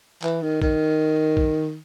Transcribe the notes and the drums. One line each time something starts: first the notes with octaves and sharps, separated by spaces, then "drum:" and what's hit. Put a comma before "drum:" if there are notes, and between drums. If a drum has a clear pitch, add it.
E3, drum: clap
D#3
D#3, drum: kick
drum: kick